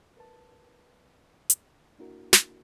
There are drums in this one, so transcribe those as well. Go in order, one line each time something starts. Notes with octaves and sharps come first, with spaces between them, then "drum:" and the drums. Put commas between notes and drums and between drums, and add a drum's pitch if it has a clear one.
A#4 B4 A5
drum: hi-hat
A#3 D4 E4 F#4 A#4
drum: snare